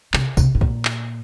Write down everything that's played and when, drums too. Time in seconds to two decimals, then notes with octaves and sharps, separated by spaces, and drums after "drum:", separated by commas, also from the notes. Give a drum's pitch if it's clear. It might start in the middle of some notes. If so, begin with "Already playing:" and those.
0.14 C3, drum: clap
0.37 C3, drum: kick, tambourine
0.55 A2
0.61 A#2, drum: kick
0.85 drum: clap